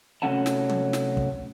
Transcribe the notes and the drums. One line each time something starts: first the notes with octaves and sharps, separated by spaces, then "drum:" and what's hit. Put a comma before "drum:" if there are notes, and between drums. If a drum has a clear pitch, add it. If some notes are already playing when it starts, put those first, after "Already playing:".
C3 F#3 A3 C#4 F#5 A5
drum: snare
drum: tom
drum: snare
drum: kick